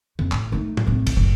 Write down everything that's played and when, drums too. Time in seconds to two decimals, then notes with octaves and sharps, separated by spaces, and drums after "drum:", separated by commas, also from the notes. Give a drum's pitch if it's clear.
0.19 F2, drum: tom
0.32 A1, drum: clap
0.52 A3 D#4
0.77 drum: tom
0.86 A2 C3
1.07 drum: kick, cymbal
1.16 F#1 A2